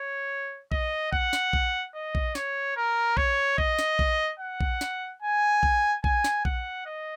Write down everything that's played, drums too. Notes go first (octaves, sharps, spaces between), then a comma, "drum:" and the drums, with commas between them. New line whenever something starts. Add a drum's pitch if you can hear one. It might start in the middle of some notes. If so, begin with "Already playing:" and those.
Already playing: C#5
D#5, drum: kick A#1
F#5, drum: kick A#1
drum: snare
drum: kick A#1
D#5
drum: kick A#1
C#5, drum: snare
A#4
C#5, drum: kick A#1
D#5, drum: kick A#1
drum: snare
drum: kick A#1
F#5
drum: kick A#1
drum: snare
G#5
drum: kick A#1
G#5, drum: kick A#1
drum: snare
F#5, drum: kick A#1
D#5